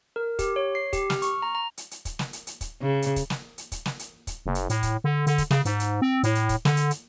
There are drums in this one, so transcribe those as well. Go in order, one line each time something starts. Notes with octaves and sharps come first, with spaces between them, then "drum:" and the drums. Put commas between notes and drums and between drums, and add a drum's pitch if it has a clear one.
A#4
G4, drum: kick, hi-hat
C#5
C7
G4, drum: kick, hi-hat
F6, drum: snare
C#6, drum: hi-hat
A#5
A#5
drum: hi-hat
drum: hi-hat
drum: kick, hi-hat
drum: snare
drum: hi-hat
drum: hi-hat
drum: kick, hi-hat
C#3
drum: hi-hat
drum: kick, hi-hat
drum: snare
drum: hi-hat
drum: kick, hi-hat
drum: snare
drum: hi-hat
drum: kick, hi-hat
F#1
drum: hi-hat
A2, drum: hi-hat
drum: kick, hi-hat
D3
D3, drum: hi-hat
drum: kick, hi-hat
C#3, drum: snare
G#2, drum: hi-hat
drum: hi-hat
C4
A2, drum: hi-hat
drum: hi-hat
drum: kick, hi-hat
D3, drum: snare
drum: hi-hat
drum: hi-hat